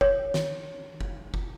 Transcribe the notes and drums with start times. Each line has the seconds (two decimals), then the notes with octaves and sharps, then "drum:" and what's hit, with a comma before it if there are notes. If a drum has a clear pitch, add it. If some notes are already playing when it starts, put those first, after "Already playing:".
0.01 C#5, drum: kick F#1
0.34 drum: snare
1.01 drum: kick F#1
1.34 drum: kick F#1